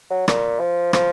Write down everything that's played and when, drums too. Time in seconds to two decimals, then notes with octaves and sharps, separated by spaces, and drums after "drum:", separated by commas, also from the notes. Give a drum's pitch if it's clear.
0.10 F#3
0.28 A#2, drum: rim click
0.60 F3
0.93 F3, drum: rim click